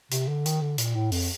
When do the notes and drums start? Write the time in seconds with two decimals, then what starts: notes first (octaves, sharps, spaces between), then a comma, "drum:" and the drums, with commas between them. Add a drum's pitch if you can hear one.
0.11 C3, drum: hi-hat
0.28 D3
0.46 D#3, drum: hi-hat
0.61 D3
0.78 A#2, drum: hi-hat
0.95 A2
1.12 F2, drum: open hi-hat